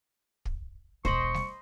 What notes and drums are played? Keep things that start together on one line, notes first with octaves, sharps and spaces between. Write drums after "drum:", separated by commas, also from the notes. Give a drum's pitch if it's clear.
drum: kick
E1 C5 D#5 B5 C#6, drum: kick
drum: snare G3